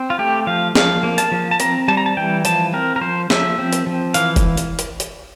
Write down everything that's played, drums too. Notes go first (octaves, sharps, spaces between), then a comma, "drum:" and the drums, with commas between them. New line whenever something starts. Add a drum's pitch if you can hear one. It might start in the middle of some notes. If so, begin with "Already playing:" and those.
Already playing: C4
F4
A3 G4
F3 F5
F3 F5, drum: snare
A#3
A5, drum: hi-hat
F3
A5
C4 A#5, drum: hi-hat
G3 A5
A#5
A5
E3 G5
F3 A5, drum: hi-hat
C4 A#4
A#4
F3 C5
F3 E5, drum: snare
C4
drum: hi-hat
F3
E3 F5, drum: hi-hat
drum: kick, hi-hat
drum: hi-hat
drum: hi-hat
drum: hi-hat